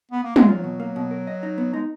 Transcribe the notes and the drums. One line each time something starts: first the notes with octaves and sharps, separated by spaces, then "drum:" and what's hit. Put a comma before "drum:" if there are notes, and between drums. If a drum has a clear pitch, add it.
B3
A#3
G#3, drum: tom
F#3 F4
B2
A#3
B2
A#4
D#5
D#4
B3
G#3 D#4